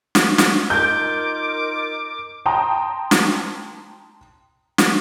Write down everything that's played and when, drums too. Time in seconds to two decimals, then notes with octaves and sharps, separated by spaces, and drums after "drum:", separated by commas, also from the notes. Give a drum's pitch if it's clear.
0.15 drum: snare
0.38 drum: snare
0.70 D#4 F4 A#4 D6 G6
2.46 G5 A5 A#5 C6 D#6
3.11 drum: snare
4.78 drum: snare